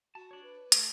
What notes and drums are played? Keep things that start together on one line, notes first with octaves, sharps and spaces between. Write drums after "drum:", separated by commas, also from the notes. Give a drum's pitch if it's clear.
F#4 A5
D4 C#5
B4
A3 C#5, drum: hi-hat